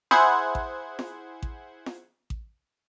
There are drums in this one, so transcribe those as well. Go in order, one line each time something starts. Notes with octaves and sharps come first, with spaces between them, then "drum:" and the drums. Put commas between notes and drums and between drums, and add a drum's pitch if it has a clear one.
E4 G#4 C5 F#5 G#6, drum: snare F4
drum: kick A1
drum: snare F4
drum: kick A1
drum: snare F4
drum: kick A1